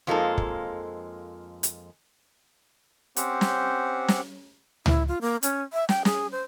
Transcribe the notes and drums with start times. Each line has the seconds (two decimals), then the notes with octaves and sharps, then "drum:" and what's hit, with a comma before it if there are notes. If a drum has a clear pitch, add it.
0.07 F2 F3 G#3 A#3 D#4 A4
0.38 drum: kick
1.63 drum: hi-hat
3.16 C4 C#4 G4 C5 F#5, drum: hi-hat
3.41 drum: snare
4.08 drum: snare
4.86 E4, drum: tom C#2
5.08 F4
5.21 A#3
5.43 C#4, drum: hi-hat
5.73 E5
5.89 G5, drum: snare
6.05 G#4, drum: snare
6.32 C5